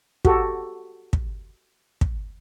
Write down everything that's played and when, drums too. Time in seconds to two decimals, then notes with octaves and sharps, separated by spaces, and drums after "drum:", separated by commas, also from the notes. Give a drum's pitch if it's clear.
0.25 F#4 G4 A4, drum: kick
1.13 drum: kick
2.01 drum: kick